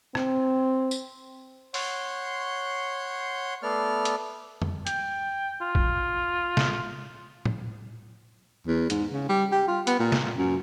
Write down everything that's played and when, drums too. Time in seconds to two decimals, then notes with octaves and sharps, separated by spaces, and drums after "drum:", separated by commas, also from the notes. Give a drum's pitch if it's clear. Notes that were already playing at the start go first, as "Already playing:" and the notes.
0.15 C4, drum: rim click
0.91 drum: tambourine
1.74 C#5 F#5 C6 G6, drum: open hi-hat
3.63 A3 B3 D5 F6
4.05 drum: hi-hat
4.62 drum: tom F2
4.87 G5, drum: hi-hat
5.61 F4
5.75 drum: kick A#1
6.57 drum: snare
7.45 drum: tom
8.67 E2
8.90 G#2, drum: hi-hat
9.12 C#3
9.29 G3
9.52 G4
9.68 F4
9.87 B3, drum: hi-hat
9.99 A#2
10.12 drum: snare
10.22 A#2
10.37 F#2